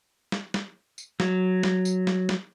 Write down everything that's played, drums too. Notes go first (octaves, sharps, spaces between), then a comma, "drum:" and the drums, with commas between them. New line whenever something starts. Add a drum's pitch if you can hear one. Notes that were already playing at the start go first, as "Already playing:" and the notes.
drum: snare
drum: snare
drum: tambourine
F#3, drum: snare
drum: snare
drum: tambourine
drum: snare
drum: snare